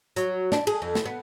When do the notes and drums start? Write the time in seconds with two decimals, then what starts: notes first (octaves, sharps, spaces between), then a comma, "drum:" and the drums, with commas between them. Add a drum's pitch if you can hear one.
0.16 F#3, drum: hi-hat
0.52 D4, drum: snare
0.67 G#4, drum: cymbal
0.82 F2
0.95 drum: snare
1.05 B3